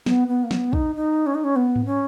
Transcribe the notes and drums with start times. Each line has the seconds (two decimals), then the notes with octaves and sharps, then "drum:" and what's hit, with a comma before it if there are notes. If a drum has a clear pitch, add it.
0.06 B3, drum: snare
0.28 B3
0.44 A#3
0.51 B3, drum: snare
0.73 D#4, drum: kick
0.95 D#4
1.26 C#4
1.35 D#4
1.44 C#4
1.56 B3
1.76 drum: tom G#2
1.85 C#4